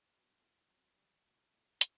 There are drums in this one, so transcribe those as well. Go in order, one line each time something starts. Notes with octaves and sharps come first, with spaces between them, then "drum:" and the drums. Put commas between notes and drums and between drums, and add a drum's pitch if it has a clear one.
G1 G2 F#3 B3
B2 A3 E4
G1 F#2 F#3 C4
F#1 E2 D3 G3
A1 A2 F#3
B2 A3 E4
B2 F#3, drum: hi-hat